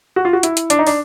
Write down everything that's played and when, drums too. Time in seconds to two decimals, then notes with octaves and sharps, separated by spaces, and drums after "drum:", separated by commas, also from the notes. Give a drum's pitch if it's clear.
0.16 F#4
0.25 F4
0.33 F#4
0.43 E4, drum: hi-hat
0.57 drum: hi-hat
0.70 D4, drum: hi-hat
0.79 D#4
0.87 D4, drum: open hi-hat